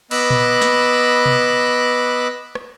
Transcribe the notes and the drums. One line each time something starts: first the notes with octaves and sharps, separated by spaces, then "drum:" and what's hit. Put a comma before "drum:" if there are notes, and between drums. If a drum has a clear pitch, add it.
B3 D#5 B5 D6 E6 F#6, drum: cymbal
drum: tom A#2
drum: snare
drum: tom B2
drum: rim click